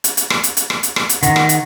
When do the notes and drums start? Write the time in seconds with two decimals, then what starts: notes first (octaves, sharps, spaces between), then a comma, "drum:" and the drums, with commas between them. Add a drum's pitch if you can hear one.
0.04 drum: hi-hat
0.17 drum: hi-hat
0.30 drum: rim click
0.44 drum: hi-hat
0.57 drum: hi-hat
0.70 drum: rim click
0.83 drum: hi-hat
0.96 drum: rim click
1.09 drum: hi-hat
1.23 D#3 F#5, drum: hi-hat
1.36 drum: rim click
1.49 drum: hi-hat